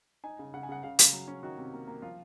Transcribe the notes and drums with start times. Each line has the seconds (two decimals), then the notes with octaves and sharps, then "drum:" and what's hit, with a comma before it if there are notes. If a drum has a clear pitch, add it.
0.24 D#4 G#5
0.39 C#3
0.54 C#3 F#5
0.63 G#5
0.69 C#3 F#5
0.83 C#3 F5
0.99 C#3, drum: hi-hat
1.13 F#3
1.28 C#4
1.43 D#3 F#4
1.58 C3
1.73 A#3
1.87 A#3
2.02 F3 F4